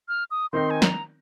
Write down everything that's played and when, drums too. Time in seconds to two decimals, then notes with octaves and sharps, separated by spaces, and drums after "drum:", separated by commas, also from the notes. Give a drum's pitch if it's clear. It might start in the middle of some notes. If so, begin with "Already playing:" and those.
0.08 F6
0.31 D#6
0.53 D#3 C4 D#4 A#4 C6
0.70 G#5
0.82 A#5, drum: snare